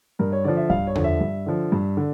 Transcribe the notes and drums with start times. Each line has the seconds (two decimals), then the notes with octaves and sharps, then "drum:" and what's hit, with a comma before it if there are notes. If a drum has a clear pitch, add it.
0.19 G2 A#4
0.32 C#5
0.44 D3 F3 D5
0.57 E5
0.70 G2 F5, drum: kick
0.87 C#5
0.95 D3 F3, drum: tom E2
1.04 E5
1.20 G2
1.46 D3 F3
1.72 G2
1.97 D3